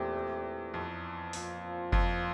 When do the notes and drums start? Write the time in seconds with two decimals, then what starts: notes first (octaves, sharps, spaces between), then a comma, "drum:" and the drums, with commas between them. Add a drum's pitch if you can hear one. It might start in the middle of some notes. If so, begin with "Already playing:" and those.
Already playing: E2 A#2 A3 C4 G4
0.74 F2
1.33 A#2 F3 C4 F4 C5, drum: open hi-hat
1.92 F2, drum: kick F#1